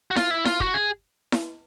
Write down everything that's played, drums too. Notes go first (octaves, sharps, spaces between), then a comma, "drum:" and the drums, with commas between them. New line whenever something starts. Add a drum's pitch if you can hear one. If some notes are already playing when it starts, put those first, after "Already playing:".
F#4
F4, drum: snare E4
E4
F4, drum: snare E4
F#4, drum: kick
G#4
drum: snare E4